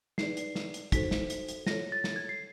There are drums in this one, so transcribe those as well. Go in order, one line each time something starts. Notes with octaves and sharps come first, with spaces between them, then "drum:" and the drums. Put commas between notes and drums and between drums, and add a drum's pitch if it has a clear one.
D#4 G#4 B4 D5 C7, drum: snare
drum: hi-hat
drum: snare
drum: hi-hat
D#4 F#4 A4 C5 B6, drum: kick, hi-hat
drum: snare
drum: hi-hat
drum: hi-hat
F4 A4 C#5 A#6, drum: snare
A6
drum: snare
G#6
C7